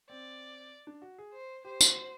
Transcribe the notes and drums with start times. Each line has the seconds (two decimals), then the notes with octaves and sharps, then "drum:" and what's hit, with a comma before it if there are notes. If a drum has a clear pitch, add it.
0.09 C4 D5
0.87 D4
1.02 F#4
1.18 G#4
1.33 C5
1.65 G4 C5
1.81 F#4, drum: tambourine
1.96 F#4